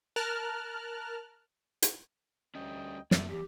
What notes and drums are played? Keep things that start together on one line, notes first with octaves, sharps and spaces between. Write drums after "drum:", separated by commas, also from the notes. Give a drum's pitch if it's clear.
A#4 A5 F6 F#6
drum: hi-hat
D2 G3 C#4 D#5 G5
F#2 G#3 A#3 E5, drum: snare
E2 G4